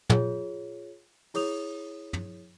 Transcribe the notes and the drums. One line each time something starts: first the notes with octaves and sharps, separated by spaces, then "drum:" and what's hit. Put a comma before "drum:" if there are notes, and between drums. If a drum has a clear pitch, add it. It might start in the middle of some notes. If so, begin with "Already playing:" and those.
F4 G#4 C#5, drum: tom
E4 G#4 C#5 D#6 F7, drum: open hi-hat
drum: tom